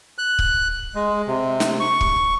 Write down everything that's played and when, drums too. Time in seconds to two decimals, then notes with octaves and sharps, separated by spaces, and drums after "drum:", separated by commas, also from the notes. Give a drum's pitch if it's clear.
0.18 F#6
0.39 drum: kick C#1
0.95 G#3
1.27 C3
1.60 drum: snare
1.80 C#6
2.01 drum: kick C#1